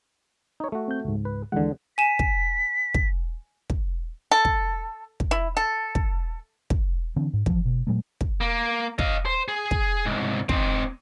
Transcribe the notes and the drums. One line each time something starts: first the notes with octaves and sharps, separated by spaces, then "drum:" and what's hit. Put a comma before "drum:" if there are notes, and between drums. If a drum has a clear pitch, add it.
D#4 C#5
A3 F#4
C4 G6
C#2 G#2
B4
D#2 D3 E3 G#3 F#5
G#5 B6 E7
drum: kick
drum: kick
drum: kick
A4
drum: kick
drum: kick
E4
A4
drum: kick
drum: kick
D3 E3 C4 D4
G#2
E3 F3, drum: kick
B2
A#2 F#3 G#3 A3
drum: kick
A#3
D#5 F5, drum: kick
C5
G#4
drum: kick
C2 G#2
C4 D#4, drum: kick